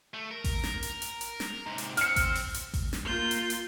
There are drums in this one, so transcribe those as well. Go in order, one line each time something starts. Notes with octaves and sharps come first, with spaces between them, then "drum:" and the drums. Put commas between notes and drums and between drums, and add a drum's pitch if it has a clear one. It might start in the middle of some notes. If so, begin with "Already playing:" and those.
A3
A#4
drum: kick A1, open hi-hat
drum: snare
drum: hi-hat
drum: hi-hat
drum: hi-hat
drum: snare
G#2 C3
drum: hi-hat
C4 F6 C#7, drum: hi-hat
drum: kick A1, hi-hat
drum: open hi-hat
drum: hi-hat
drum: kick A1, open hi-hat
drum: snare
A#3 F4 G6
drum: hi-hat
drum: hi-hat